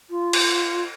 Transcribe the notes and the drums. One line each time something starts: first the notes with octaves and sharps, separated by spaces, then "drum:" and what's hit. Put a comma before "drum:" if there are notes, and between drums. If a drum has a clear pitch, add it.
F4
drum: cymbal